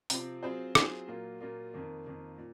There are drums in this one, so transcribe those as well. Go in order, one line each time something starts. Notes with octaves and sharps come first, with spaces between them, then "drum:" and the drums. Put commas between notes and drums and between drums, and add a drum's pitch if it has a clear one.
C3 F3 C4, drum: open hi-hat
F#3 C4 F4 G#4 C5
F#3 C4 F4 G#4 C5, drum: rim click
A#2 F#3 A#3 F4
A#2 F#3 A#3 F4
F2 D#3 A#3
F2 D#3 A#3
A#2